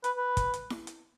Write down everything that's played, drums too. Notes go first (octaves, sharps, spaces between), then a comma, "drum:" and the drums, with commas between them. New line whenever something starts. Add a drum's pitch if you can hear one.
B4, drum: hi-hat
B4
drum: kick, hi-hat
drum: hi-hat
drum: snare E4
drum: hi-hat